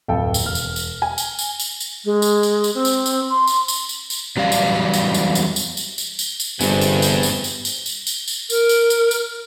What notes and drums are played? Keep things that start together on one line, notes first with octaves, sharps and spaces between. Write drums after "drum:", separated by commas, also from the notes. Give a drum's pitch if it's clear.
D1 F2 A4 F5 G5
drum: tambourine
E1 F6
drum: tambourine
drum: tambourine
G#5
drum: tambourine
drum: tambourine
drum: tambourine
drum: tambourine
G#3
drum: tambourine
drum: tambourine
drum: tambourine
C4
drum: tambourine
drum: tambourine
C6
drum: tambourine
drum: tambourine
drum: tambourine
drum: tambourine
E2 F#3 G3 G4 D5 F5
drum: tambourine
drum: tambourine
drum: tambourine
drum: tambourine
drum: tambourine
drum: tambourine
drum: tambourine
drum: tambourine
drum: tambourine
G1 G2 C3 B3 G#4, drum: tambourine
drum: tambourine
drum: tambourine
drum: tambourine
drum: tambourine
drum: tambourine
drum: tambourine
drum: tambourine
drum: tambourine
A#4, drum: tambourine
drum: tambourine
drum: tambourine
drum: tambourine